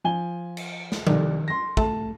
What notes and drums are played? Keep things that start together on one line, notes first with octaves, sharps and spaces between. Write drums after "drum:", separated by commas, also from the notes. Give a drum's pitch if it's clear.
F3 G#5 G7
drum: cymbal
drum: snare
C2 D#3 D5, drum: tom F3
C6 A#6
A3 A5, drum: kick